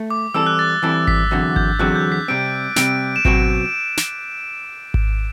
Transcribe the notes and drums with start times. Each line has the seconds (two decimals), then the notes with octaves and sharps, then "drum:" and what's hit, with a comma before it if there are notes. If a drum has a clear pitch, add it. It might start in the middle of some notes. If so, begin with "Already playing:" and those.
Already playing: A3
0.10 D6
0.34 E3 G3 C4 E4 A4 E6
0.47 F#6
0.59 A6
0.83 E3 G3 C4 E4 A4
1.07 B6, drum: kick G#1
1.31 E2 D3 F#3 C4 F#4
1.56 G6, drum: kick G#1
1.79 E2 D3 F#3 C4 F#4 F#6
1.95 G6
2.12 B6
2.28 C3 G3 C4 D7
2.76 C3 G3 C4 D7, drum: snare
3.16 E7
3.25 B2 F#3 C4 F#4 D7, drum: kick G#1
3.97 drum: snare
4.94 drum: kick G#1